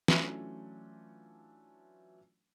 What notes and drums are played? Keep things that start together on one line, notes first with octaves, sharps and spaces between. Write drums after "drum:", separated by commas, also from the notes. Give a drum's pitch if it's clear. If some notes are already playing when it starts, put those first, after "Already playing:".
E3 F#3 A3 C#4 D4 F4, drum: snare